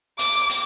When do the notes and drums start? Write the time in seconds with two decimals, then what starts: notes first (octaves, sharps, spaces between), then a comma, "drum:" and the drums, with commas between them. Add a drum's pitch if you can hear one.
0.19 D6, drum: hi-hat
0.49 drum: hi-hat